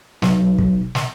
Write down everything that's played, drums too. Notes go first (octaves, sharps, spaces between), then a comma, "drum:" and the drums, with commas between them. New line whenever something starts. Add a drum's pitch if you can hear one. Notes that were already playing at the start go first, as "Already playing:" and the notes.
B1, drum: snare
drum: kick
drum: snare